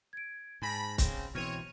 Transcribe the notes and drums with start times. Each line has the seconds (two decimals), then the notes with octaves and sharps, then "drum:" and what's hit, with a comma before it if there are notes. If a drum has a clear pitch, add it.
0.13 G#6 D7
0.62 G#2 G#5 A5 B5 A#6
0.98 C#3 C4, drum: kick, hi-hat
1.35 B2 D3 E3 C4 C#5 F6 D#7 F7